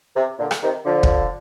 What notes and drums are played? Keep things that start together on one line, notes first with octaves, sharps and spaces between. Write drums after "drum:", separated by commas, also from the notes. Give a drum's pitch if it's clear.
C3
A#2 D3
drum: rim click
C3 D#3
D3 F3
drum: kick